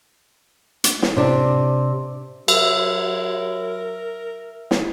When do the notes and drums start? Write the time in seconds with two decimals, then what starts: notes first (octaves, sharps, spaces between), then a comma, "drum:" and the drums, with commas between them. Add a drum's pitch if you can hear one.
0.84 drum: hi-hat
1.02 drum: snare
1.17 C3 D4
2.48 F#3 A#4 E5 E6, drum: cymbal
4.71 drum: snare